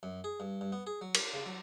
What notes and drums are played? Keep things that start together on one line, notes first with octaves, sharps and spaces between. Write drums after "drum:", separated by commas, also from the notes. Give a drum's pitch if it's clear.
F#2
G#4
G2
G2
B3
G#4
F#3
A#4, drum: cymbal
C#3
F#3